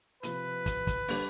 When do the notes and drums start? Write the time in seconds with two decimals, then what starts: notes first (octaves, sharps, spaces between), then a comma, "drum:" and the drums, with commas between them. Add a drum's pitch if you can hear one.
0.23 C3 F3 C4 B4, drum: hi-hat
0.66 drum: kick, hi-hat
0.87 drum: kick, hi-hat
1.08 D3 G3 D4 G4, drum: open hi-hat